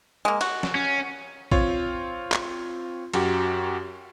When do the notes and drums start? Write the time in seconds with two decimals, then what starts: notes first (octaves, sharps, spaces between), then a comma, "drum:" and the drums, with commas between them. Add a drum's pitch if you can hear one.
0.25 G#3 A#3
0.41 F#4, drum: cymbal
0.63 drum: snare
0.75 C#4
1.52 C4 F4 C#5, drum: kick
2.32 drum: clap
3.14 F#2 F#4 G4, drum: cymbal